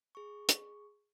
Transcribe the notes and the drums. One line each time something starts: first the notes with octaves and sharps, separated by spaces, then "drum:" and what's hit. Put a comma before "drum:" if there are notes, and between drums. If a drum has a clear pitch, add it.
G#4 C#6
drum: hi-hat